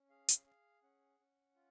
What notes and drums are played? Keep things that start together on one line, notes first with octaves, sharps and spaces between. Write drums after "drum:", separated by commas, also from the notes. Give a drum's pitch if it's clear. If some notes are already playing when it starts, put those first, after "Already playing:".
Already playing: C#4
G#4 F5
drum: hi-hat
G#4 F5
C#4 F#5
C#4
F4